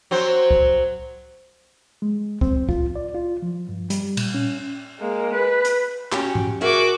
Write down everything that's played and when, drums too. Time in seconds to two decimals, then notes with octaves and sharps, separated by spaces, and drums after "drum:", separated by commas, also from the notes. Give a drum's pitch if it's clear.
0.11 F#3 C4 C5
0.51 drum: kick C2
2.02 G#3
2.41 C4, drum: kick C2
2.69 F4, drum: kick C2
2.96 D5
3.15 F4
3.42 F3
3.69 G2
3.90 G3, drum: hi-hat
4.17 A#2, drum: cymbal
4.34 C#4
4.99 G#3 A#3
5.34 B4
5.65 drum: hi-hat
6.12 C#4 F#4 G4, drum: clap
6.35 drum: tom G#2
6.61 F#4 G#4 A#4 E5 D6